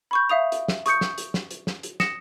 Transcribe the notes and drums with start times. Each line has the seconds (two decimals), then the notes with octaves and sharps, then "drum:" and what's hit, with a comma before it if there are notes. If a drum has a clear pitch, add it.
0.11 B5 C#6 G6
0.30 E5 F5 D#6 F7
0.52 drum: hi-hat
0.68 drum: snare
0.86 C#6 D#6 G6 C#7, drum: hi-hat
1.01 drum: snare
1.18 drum: hi-hat
1.34 drum: snare
1.51 drum: hi-hat
1.67 drum: snare
1.83 drum: hi-hat
2.00 D#6 A#6 C#7 E7, drum: snare